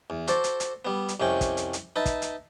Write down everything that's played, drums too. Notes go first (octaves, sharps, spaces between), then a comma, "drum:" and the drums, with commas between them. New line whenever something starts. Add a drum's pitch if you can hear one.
E2
F#4 A4 C5 D5, drum: hi-hat
drum: hi-hat
drum: hi-hat
G3 B3
drum: hi-hat
C2 F2 C3 C#4 G5
drum: kick, hi-hat
drum: hi-hat
drum: hi-hat
D#4 B4 E5 A5
drum: kick, hi-hat
drum: hi-hat